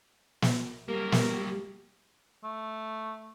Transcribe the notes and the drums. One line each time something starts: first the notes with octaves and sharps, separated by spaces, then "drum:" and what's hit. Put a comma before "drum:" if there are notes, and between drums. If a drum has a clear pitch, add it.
drum: snare
F#3 G3 A#3 G4 A#4
drum: snare
A3